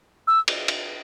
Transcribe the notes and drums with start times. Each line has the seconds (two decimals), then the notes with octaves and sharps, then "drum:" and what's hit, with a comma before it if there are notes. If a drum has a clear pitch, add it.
0.27 E6
0.48 drum: cymbal
0.68 drum: cymbal